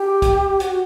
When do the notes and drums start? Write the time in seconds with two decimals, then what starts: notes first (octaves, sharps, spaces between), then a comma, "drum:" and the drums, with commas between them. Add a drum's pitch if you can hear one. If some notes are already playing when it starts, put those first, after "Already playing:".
Already playing: G4
0.22 drum: kick, hi-hat
0.60 F#4, drum: hi-hat